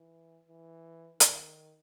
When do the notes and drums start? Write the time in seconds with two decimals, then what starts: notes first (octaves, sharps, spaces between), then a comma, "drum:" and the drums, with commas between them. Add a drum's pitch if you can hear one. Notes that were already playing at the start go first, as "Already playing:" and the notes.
Already playing: E3
0.48 E3
1.20 D#3, drum: hi-hat